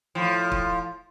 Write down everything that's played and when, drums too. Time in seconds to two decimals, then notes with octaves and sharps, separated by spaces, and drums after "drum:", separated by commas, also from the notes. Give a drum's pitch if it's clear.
0.15 A2 F3
0.52 drum: kick